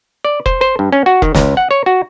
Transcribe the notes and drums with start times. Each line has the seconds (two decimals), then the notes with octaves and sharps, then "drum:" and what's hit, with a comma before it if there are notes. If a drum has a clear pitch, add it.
0.25 D5
0.46 C5, drum: kick F1
0.61 C5
0.79 G2
0.92 C#4
1.06 F#4
1.22 D#3, drum: kick F1
1.35 C#2, drum: snare
1.57 F#5
1.71 C#5
1.86 F#4